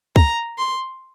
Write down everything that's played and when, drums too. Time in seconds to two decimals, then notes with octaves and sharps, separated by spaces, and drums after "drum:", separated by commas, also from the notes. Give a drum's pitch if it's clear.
0.16 A#5, drum: kick
0.58 C6